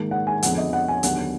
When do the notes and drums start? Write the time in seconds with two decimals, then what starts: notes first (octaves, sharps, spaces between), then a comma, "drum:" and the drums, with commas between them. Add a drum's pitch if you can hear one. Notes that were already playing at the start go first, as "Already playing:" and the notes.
Already playing: G#2 D#3 A#3
0.11 F#5
0.27 G#5
0.43 F2 D3 G#3 B3 F#5, drum: hi-hat
0.58 D#5
0.73 F#5
0.88 G#5
1.03 D#2 D3 F#3 B3 F#5, drum: hi-hat